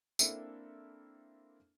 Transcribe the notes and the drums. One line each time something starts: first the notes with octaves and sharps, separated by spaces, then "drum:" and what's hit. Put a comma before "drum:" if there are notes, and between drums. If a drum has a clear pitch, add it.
A#3 C4 D4 E4 A4 E5, drum: tambourine